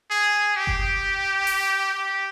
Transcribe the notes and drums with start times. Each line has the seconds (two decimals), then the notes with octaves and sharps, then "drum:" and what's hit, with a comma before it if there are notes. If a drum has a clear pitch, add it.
0.10 G#4
0.56 G4
0.67 drum: kick F#1
1.47 drum: open hi-hat
1.94 G4